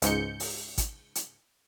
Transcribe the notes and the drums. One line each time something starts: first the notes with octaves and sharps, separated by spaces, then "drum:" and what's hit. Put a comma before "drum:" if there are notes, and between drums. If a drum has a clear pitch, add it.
C#2 G#2 G6 C#7, drum: hi-hat
drum: open hi-hat
drum: kick G#1, hi-hat
drum: hi-hat